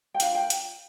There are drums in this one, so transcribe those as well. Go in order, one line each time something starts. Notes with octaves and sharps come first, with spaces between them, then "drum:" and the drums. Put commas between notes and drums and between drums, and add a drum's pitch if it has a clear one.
G5
D4 F4 A#4 F5, drum: hi-hat
G5
drum: hi-hat